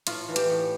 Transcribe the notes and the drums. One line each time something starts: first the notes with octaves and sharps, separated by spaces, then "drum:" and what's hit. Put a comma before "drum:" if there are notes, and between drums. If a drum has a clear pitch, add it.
A2 F4, drum: hi-hat
E3
G4, drum: hi-hat
A2